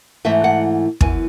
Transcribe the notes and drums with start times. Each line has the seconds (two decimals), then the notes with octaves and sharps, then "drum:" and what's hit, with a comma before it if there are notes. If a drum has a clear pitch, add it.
0.25 G#2 E3 A3 E5
0.44 F#5
1.01 F#2 E3 B3 G#5, drum: kick